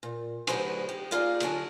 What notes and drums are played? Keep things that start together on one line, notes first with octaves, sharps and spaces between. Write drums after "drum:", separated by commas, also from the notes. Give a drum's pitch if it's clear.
A#2
D2 F#3 B4 C5 G#5, drum: cymbal
G4
A#3 D#4 F4 G#4 D5
D#2 D3 F#3 G#5, drum: cymbal